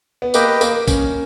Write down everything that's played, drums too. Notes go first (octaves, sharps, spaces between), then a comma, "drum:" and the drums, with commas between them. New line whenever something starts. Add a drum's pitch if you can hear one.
B3
A#3 G4 B4 D#5 G5, drum: tambourine
A#3, drum: tambourine
C#4, drum: kick, tambourine